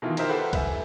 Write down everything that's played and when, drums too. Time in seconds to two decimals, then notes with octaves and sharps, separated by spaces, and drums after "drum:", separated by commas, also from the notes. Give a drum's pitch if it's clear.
0.02 B2 D#3 E3 E4 F4
0.17 D#4 G4 A#4 C5 E5, drum: cymbal
0.29 G4 A4 B4 C5 F#5
0.53 B4 E5 G#5, drum: kick, cymbal